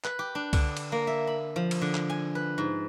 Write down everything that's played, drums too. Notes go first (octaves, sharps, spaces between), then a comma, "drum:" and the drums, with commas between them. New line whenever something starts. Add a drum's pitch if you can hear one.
B4, drum: clap
G4
D4
D3, drum: kick C2, cymbal
drum: cymbal
A#3
E5
B5
F3
drum: cymbal
D3
drum: clap
G#5
B4
G#2